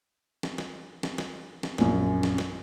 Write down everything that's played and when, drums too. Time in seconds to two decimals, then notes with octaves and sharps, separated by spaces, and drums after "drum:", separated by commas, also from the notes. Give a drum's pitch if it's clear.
0.43 drum: snare
0.58 drum: snare
1.03 drum: snare
1.18 drum: snare
1.63 drum: snare
1.78 A#1 F#2, drum: snare
2.23 drum: snare
2.38 drum: snare